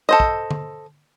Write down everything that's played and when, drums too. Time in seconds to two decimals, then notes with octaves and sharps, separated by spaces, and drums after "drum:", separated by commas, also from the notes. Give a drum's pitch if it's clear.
0.09 A4 C5 D#5
0.20 drum: kick
0.51 drum: tom D3